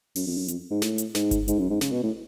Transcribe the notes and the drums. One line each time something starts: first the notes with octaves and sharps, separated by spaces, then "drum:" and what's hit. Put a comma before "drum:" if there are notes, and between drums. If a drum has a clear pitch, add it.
F#2, drum: open hi-hat
F2
F#2
F2, drum: hi-hat
G#2
A2, drum: snare
drum: hi-hat
G#2, drum: snare
drum: kick G1, hi-hat
G#2, drum: hi-hat
F#2
G#2
C#3, drum: snare
B2
A2